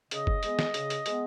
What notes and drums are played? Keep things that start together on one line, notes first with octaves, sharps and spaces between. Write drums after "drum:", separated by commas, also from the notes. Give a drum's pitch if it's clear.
C#3 D#5, drum: hi-hat
drum: kick
G#3 B3, drum: hi-hat
drum: snare
C#3, drum: hi-hat
drum: hi-hat
G#3 B3, drum: hi-hat